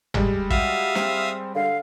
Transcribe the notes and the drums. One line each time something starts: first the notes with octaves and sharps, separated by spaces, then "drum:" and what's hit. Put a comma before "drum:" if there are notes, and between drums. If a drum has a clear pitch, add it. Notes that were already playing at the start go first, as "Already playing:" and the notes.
G3 G#3, drum: tom G1
F#4 E5 F5 D#6, drum: kick
C4, drum: snare
D3 F5